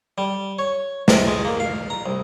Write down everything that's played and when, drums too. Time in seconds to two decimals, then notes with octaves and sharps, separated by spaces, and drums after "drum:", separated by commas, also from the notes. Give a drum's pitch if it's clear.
0.18 G3
0.59 C#5
1.08 C3, drum: snare
1.27 G#3
1.45 A#3
1.60 F5
1.90 A#5
2.06 C2